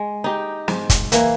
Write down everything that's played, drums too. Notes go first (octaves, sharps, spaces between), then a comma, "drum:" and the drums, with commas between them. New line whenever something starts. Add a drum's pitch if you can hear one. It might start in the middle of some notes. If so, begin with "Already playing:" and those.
Already playing: G#3
D#4 G4
G#2, drum: snare
drum: kick, hi-hat
E3 A#3, drum: hi-hat